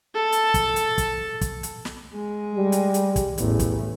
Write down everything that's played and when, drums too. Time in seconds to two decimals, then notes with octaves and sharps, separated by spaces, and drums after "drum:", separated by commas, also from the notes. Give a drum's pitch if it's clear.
0.15 A4 A5
0.32 drum: hi-hat
0.54 drum: kick, hi-hat
0.76 drum: hi-hat
0.98 drum: kick, hi-hat
1.41 drum: kick, hi-hat
1.63 drum: hi-hat
1.85 drum: snare
2.15 G#3
2.56 G3
2.72 drum: hi-hat
2.94 drum: hi-hat
3.16 drum: kick, hi-hat
3.38 A1 E2, drum: hi-hat
3.59 drum: kick, hi-hat